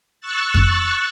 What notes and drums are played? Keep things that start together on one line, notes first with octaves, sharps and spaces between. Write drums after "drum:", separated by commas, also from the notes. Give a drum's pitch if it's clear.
C#6 E6 F#6 A6
drum: kick F2